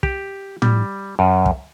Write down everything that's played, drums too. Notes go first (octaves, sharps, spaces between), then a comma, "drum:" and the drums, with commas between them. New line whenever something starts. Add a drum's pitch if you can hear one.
G4, drum: kick
G3, drum: tom A2
F#2
drum: kick